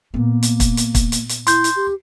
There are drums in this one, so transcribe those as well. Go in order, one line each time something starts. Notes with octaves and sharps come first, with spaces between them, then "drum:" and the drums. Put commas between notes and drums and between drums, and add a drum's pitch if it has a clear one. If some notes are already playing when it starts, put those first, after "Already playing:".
A#2 A#3 B3
drum: hi-hat
drum: kick, hi-hat
drum: hi-hat
drum: kick, hi-hat
drum: hi-hat
drum: hi-hat
E4 C6 G6, drum: hi-hat
drum: hi-hat
G4